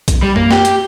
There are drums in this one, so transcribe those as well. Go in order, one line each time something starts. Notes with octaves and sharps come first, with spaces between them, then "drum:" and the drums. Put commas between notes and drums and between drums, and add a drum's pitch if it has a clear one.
drum: kick A#1, hi-hat
G3
A#3, drum: tom F#2
G4, drum: snare
drum: hi-hat